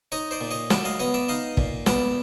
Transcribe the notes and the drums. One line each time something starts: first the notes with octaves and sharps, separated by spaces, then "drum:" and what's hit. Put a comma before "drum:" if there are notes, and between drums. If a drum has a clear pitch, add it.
D#4 C#5 D#5
C5 D5
A#2
C#5 D#5
F#3 D5 E5, drum: snare
D#5 F5
B3 C#5 D#5
D5 E5
D#4 D#5 F5
A#2, drum: kick
B3 D5 E5, drum: snare